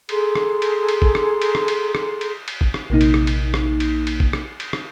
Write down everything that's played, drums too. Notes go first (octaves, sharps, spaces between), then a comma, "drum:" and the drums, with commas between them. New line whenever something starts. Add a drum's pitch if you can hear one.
G#4 A4 A#5 C6, drum: cymbal
drum: rim click
drum: cymbal
drum: cymbal
drum: kick
drum: rim click
drum: cymbal
drum: rim click
drum: cymbal
drum: rim click
drum: cymbal
drum: cymbal
drum: kick
drum: rim click
A#1 C3 A#3 D#4
drum: cymbal
drum: rim click
drum: cymbal
drum: rim click
drum: cymbal
drum: cymbal
drum: kick
drum: rim click
drum: cymbal
drum: rim click